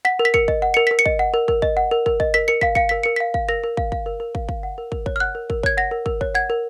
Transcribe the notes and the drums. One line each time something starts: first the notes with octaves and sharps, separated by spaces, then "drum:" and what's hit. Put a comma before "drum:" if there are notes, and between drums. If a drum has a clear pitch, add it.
F#5 B6
A#4
B6
A#4 C#7, drum: kick
D#5, drum: kick
F#5
A#4 C#7
A#4 B6
C#7
D#5, drum: kick
F#5
A#4
A#4, drum: kick
D#5, drum: kick
F#5
A#4
A#4, drum: kick
D#5, drum: kick
A#4 B6
A#4 C#7
F5 B6, drum: kick
F5 C#7, drum: kick
A#4 B6
A#4 C#7
F5 B6
F5, drum: kick
A#4 A#6
A#4
F5, drum: kick
F5, drum: kick
A#4
A#4
F5, drum: kick
F5, drum: kick
F#5
A#4
A#4, drum: kick
C#5, drum: kick
F6
F#5 F#6
A#4
A#4, drum: kick
C#5 G#6, drum: kick
F#5 A#6
A#4
A#4, drum: kick
C#5, drum: kick
F#5 G#6
A#4